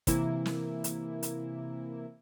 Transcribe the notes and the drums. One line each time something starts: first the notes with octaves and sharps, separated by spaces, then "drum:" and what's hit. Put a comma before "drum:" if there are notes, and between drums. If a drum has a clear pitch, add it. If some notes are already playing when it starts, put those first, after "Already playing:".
C3 E3 A#3 E4, drum: kick, hi-hat
drum: snare
drum: hi-hat
drum: hi-hat